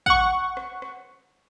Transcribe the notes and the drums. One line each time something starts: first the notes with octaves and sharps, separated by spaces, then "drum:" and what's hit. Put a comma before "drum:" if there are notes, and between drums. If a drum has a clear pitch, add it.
F#5 C#6, drum: kick A1
drum: rim click
drum: rim click